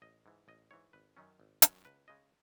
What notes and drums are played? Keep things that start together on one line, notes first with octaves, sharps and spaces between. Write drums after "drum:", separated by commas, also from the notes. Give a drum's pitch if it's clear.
A1 D#5
G#2 E3
A1 D#5
G#2 E3 C#5
G#1 B4
F#2 D#3 F#3 C#4
G#1
F#2 D#3 F#3 C#4, drum: hi-hat
C#2 B4
C#3 G#3 D#5